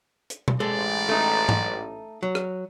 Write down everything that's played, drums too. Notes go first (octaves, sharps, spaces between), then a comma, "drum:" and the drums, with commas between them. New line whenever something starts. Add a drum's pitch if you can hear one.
drum: hi-hat
drum: tom B2
A1 G#3 A4 D5
A3 D#4
drum: tom G#2
F#3
drum: rim click